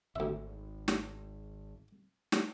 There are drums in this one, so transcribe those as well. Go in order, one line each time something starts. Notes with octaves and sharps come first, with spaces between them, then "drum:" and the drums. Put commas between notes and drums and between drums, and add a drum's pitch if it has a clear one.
G#1 D2 E5
drum: snare
drum: snare